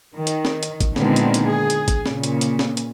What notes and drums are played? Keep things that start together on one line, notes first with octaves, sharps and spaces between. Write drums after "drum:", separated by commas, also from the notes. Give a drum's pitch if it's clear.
D#3
drum: hi-hat
drum: snare C4
drum: hi-hat
drum: kick, hi-hat
A#2 D3 D#3 G#3 B3 C4, drum: snare C4
drum: hi-hat
drum: hi-hat
G#4
drum: hi-hat
drum: kick, hi-hat
A#2 C#3, drum: snare C4
drum: hi-hat
drum: hi-hat
drum: snare C4
drum: hi-hat